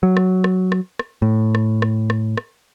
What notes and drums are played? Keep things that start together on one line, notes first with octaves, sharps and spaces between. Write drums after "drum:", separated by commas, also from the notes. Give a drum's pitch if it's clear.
F#3
drum: rim click
drum: rim click
drum: rim click
drum: rim click
A2
drum: rim click
drum: rim click
drum: rim click
drum: rim click